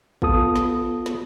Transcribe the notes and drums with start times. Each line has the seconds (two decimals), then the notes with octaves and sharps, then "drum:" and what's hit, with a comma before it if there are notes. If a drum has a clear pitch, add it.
0.22 B3 F4 A4 D#6, drum: kick
0.56 drum: snare
1.06 drum: snare